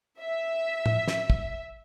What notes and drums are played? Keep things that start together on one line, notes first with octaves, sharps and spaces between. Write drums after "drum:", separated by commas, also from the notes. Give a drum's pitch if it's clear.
E5
drum: tom A2
drum: snare
drum: kick